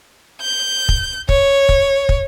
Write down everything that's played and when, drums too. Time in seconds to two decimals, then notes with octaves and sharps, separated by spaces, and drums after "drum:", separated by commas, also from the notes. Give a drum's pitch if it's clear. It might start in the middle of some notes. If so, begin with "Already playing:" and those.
0.41 G6
0.89 drum: kick
1.29 C#5, drum: kick
1.69 drum: kick
2.09 drum: kick